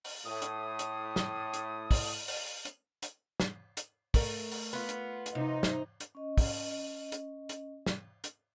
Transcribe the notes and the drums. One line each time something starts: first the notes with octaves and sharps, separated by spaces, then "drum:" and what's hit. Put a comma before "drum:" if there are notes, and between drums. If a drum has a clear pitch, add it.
drum: open hi-hat
A2 D#6
drum: hi-hat
drum: hi-hat
drum: snare
drum: hi-hat
drum: kick, open hi-hat
drum: open hi-hat
drum: hi-hat
drum: hi-hat
drum: snare
drum: hi-hat
A3 A#4, drum: kick, open hi-hat
drum: open hi-hat
B3 F4
drum: hi-hat
drum: hi-hat
C3 D#4
drum: snare
drum: hi-hat
C#4 D#5
drum: kick, open hi-hat
drum: hi-hat
drum: hi-hat
drum: snare
drum: hi-hat